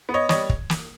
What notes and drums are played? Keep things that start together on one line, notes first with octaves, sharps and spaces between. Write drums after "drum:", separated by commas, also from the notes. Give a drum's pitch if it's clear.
B3
C#5 D#5
G3 C#5 D#5, drum: snare
drum: kick
drum: snare